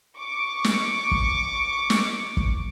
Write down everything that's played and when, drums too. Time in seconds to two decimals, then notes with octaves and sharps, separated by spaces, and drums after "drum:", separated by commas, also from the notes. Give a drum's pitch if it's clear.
0.17 C#6 D6
0.64 drum: snare
1.11 drum: kick
1.90 drum: snare
2.37 drum: kick